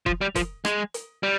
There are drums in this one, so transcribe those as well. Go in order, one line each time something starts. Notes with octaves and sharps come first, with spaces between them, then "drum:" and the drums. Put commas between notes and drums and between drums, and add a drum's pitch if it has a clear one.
F3, drum: kick F1
G3
F3, drum: kick F1, hi-hat
G#3, drum: rim click
drum: hi-hat
G3